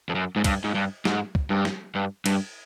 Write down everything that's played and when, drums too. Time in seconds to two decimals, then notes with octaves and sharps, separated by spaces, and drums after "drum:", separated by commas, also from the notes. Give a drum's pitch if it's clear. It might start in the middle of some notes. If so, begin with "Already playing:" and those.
0.09 F2
0.15 F#2
0.36 G#2
0.44 G2, drum: kick, cymbal
0.64 G#2
0.75 G2
1.05 G#2, drum: snare
1.35 drum: kick
1.50 G2
1.65 drum: snare
1.95 G2
2.26 G2, drum: cymbal